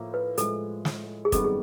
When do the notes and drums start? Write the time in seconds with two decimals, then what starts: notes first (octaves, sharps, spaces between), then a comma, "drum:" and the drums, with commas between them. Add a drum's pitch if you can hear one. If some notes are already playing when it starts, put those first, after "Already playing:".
Already playing: A2 F3 A#3
0.14 B4
0.37 A2 F3 G#3 A4, drum: hi-hat
0.85 drum: snare
1.25 G#4
1.32 G#1 F#2 D#3 G3 B3 A4, drum: kick, hi-hat
1.44 G#4